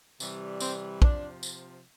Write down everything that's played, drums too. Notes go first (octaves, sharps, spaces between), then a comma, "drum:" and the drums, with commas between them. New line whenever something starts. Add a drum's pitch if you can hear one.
C3 E3 G3, drum: tambourine
C4, drum: tambourine
C3 F3 D4, drum: kick
drum: tambourine